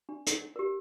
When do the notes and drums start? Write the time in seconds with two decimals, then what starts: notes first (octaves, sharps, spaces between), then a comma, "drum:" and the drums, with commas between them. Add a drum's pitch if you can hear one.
0.09 D4
0.27 drum: hi-hat
0.56 G4 A#4